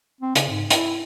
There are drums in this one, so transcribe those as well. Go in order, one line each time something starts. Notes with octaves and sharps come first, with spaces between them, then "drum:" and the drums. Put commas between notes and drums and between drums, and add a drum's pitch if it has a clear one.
C4
C#3, drum: hi-hat
G#2
E4, drum: hi-hat